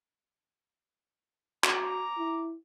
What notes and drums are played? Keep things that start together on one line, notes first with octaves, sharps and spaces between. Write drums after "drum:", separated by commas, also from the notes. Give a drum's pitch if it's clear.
F#4 A#5 D6, drum: clap
E4